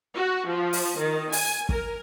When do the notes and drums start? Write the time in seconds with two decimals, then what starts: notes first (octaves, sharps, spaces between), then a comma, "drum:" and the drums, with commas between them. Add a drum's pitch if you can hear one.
0.15 F#4
0.47 F3
0.73 drum: open hi-hat
0.97 D#3
1.32 G#5, drum: open hi-hat
1.69 A#4, drum: kick